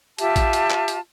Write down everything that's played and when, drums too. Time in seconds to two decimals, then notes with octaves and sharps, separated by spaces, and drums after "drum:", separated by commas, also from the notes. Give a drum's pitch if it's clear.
0.18 F4 G4 E5 A5, drum: hi-hat
0.36 drum: kick A1, hi-hat
0.53 drum: hi-hat
0.71 drum: clap
0.88 drum: hi-hat